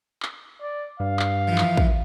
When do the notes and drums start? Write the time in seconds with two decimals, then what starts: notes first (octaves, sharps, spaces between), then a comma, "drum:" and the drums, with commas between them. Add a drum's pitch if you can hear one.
0.22 drum: clap
0.61 D5
1.00 G2 F5
1.19 drum: clap
1.48 E3 F3
1.58 drum: clap
1.77 drum: kick